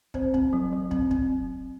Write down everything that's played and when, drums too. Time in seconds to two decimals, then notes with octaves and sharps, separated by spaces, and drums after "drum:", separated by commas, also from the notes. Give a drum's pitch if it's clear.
0.14 C4 C5, drum: kick
0.34 C4, drum: kick
0.53 F#3
0.73 F#3
0.91 C4, drum: kick
1.11 C4, drum: kick